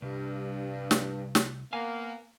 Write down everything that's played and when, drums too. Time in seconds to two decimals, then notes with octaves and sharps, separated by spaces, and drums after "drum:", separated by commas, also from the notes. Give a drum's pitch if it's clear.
0.02 C2 G2
0.91 drum: snare
1.35 drum: snare
1.73 A#3 B3 F5 G#5